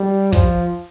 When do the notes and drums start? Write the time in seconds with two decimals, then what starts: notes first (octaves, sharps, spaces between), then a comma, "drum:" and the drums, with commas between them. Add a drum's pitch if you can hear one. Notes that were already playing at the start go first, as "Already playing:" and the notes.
Already playing: G3
0.32 F3, drum: kick